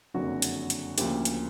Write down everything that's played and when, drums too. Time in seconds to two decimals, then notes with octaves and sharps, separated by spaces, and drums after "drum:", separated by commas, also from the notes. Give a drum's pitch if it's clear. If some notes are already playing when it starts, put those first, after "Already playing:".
0.14 F#1 F2 D3 F#3 F#4
0.42 drum: hi-hat
0.70 drum: hi-hat
0.98 D2 C#3 F3 A#3 G4, drum: hi-hat
1.25 drum: hi-hat